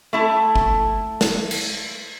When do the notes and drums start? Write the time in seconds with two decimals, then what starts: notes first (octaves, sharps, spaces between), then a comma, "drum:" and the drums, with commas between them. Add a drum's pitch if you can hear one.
0.13 A3 E4 A4
0.56 drum: kick G1
1.21 drum: snare
1.51 drum: cymbal